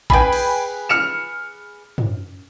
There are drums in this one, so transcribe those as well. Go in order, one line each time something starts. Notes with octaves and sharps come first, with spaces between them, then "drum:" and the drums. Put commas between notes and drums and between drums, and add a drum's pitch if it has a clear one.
G#4 B4 G5 G#5 B5, drum: kick A1
drum: cymbal
F6 C#7 E7
drum: tom